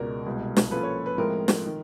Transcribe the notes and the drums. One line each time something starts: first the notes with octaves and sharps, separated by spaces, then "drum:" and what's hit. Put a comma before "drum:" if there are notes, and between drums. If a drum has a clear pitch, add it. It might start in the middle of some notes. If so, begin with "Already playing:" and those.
Already playing: C#2 B2 G#3 A#4 D5
C2 B2 G#3
drum: snare
F3 A#3 C#4 F4 A4 B4
C#5
B4
A2 F3 G#3 C4 F4 A#4
drum: snare
D#3